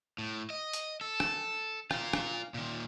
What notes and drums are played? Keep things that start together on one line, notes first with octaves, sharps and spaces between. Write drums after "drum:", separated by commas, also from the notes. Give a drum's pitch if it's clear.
A2
D#5
drum: hi-hat
A4
drum: rim click
F4 A#4, drum: rim click
drum: rim click
A#2 D#3